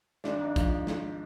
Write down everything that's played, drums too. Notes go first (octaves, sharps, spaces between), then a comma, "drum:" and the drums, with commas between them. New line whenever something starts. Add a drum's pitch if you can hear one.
G#1 D4, drum: snare
G#2
F3, drum: kick, hi-hat
drum: snare